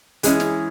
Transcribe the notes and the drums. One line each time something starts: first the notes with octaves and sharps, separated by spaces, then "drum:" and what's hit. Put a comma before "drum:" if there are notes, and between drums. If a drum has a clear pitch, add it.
E3 G#3 C#4 E4 G#4, drum: hi-hat
drum: snare